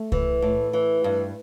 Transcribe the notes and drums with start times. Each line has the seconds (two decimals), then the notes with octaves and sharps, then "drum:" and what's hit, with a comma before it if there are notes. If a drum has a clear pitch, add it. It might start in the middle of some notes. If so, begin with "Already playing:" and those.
Already playing: A3
0.12 E3, drum: kick C2
0.42 A2
0.73 E3
1.04 G2